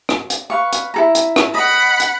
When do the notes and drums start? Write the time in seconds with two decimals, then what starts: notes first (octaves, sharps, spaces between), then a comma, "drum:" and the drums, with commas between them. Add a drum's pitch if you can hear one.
0.09 drum: rim click
0.30 drum: hi-hat
0.50 B4 F5 C#6
0.73 drum: hi-hat
0.94 E4 A4 A#5
1.15 drum: hi-hat
1.36 drum: rim click
1.54 D#5 F#5 B5
2.00 drum: hi-hat